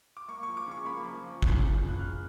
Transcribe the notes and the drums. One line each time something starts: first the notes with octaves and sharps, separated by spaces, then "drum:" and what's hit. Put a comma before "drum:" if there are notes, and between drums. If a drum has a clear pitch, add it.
D6
A#3 C#6
F3 C#6
D6
C#3 C#6
A#3 B5
F3
F3
C#3, drum: kick
F3
C#3
F#6
C#3 F6